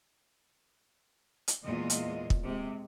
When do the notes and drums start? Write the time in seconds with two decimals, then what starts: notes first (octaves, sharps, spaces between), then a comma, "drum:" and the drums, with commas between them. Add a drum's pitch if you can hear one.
1.48 drum: hi-hat
1.63 E2 A#2 G#3 F4 D#5
1.90 drum: hi-hat
2.30 drum: kick
2.43 C3 G#3